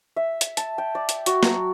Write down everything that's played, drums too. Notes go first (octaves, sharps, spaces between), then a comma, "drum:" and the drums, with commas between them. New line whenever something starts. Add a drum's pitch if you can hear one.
E5
drum: hi-hat
A5, drum: hi-hat
G5
D5
drum: hi-hat
F#4, drum: hi-hat
F#3, drum: snare